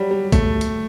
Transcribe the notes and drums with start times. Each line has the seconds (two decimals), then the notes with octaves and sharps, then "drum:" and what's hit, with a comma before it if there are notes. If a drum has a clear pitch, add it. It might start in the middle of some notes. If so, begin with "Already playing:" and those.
Already playing: F#3 G3
0.11 G3
0.32 A3, drum: kick, hi-hat
0.61 drum: hi-hat